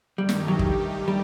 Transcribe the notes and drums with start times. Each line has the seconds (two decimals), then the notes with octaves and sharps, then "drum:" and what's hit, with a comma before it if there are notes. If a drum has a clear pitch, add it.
0.18 G2 D#3 G3 A3 D#4 G4
0.29 drum: snare
0.48 F#3
0.59 drum: kick
1.08 G3